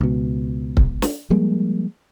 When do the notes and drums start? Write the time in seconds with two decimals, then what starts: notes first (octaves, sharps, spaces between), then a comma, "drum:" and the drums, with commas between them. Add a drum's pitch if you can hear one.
0.01 C#2 B2
0.77 drum: kick C#1
1.02 drum: snare
1.30 F3 G3 G#3 A#3